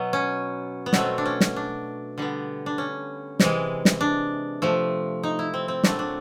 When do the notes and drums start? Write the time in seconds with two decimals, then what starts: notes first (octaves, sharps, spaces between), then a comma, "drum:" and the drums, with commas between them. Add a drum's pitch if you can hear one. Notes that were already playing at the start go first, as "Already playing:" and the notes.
Already playing: B2 F#3 B3
0.13 C#4
0.86 B3
0.93 B2 F#3 A3 C4, drum: snare
1.18 D4
1.26 C#4
1.41 drum: snare
1.56 D4
2.18 D3 G3 B3
2.66 D4
2.78 C#4
3.40 C3 E3 G#3, drum: snare
3.85 drum: snare
4.01 D4
4.62 C3 F3 A3
5.23 D#4
5.39 E4
5.54 C4
5.68 C4
5.84 A#2 F#3 A3 D4, drum: snare
5.99 D4